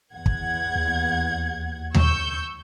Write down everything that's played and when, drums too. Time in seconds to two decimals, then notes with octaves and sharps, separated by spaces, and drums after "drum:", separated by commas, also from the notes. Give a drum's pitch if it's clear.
0.13 E2 F#5 G#6
0.26 drum: kick
0.76 D#2
1.94 C#6 E6 G6, drum: tom D#2